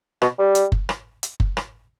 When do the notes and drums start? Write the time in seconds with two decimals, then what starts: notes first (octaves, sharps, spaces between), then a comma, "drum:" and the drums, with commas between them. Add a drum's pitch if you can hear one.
0.22 B2, drum: rim click
0.39 G3
0.55 drum: hi-hat
0.72 drum: kick F#1
0.89 drum: rim click
1.23 drum: hi-hat
1.40 drum: kick F#1
1.57 drum: rim click